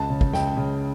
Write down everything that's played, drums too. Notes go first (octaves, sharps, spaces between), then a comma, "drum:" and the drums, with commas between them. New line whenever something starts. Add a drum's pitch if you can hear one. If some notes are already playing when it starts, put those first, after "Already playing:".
Already playing: C#2 A5
C#3
drum: kick
C#2 G5, drum: snare
C#3